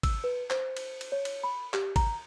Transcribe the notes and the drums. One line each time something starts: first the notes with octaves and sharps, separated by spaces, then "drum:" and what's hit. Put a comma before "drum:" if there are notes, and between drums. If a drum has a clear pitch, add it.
E6, drum: kick G#1, cymbal
B4
C5, drum: clap
drum: cymbal
drum: cymbal
C#5
drum: cymbal
B5
G4, drum: clap
A#5, drum: kick G#1, cymbal